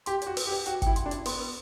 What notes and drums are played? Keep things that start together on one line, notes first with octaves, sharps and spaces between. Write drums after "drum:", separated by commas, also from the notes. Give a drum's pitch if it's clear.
G4 C6, drum: hi-hat
D5, drum: hi-hat
F#4
B4, drum: open hi-hat
G4
D5
F#4 G5, drum: hi-hat
E4 G5, drum: kick G1, hi-hat
C6, drum: hi-hat
D4
D5, drum: hi-hat
B3 C6, drum: open hi-hat
B4